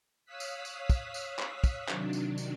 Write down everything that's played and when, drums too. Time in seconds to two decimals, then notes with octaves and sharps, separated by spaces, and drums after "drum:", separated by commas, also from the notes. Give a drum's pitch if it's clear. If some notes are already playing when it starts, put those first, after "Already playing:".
0.25 C#5 F5 D#6 E6 F#6 B6
0.40 drum: tambourine
0.65 drum: tambourine
0.90 drum: kick, tambourine
1.14 drum: tambourine
1.39 drum: clap
1.64 drum: kick, tambourine
1.88 C3 D#3 F#3 D4, drum: clap
2.13 drum: tambourine
2.38 drum: tambourine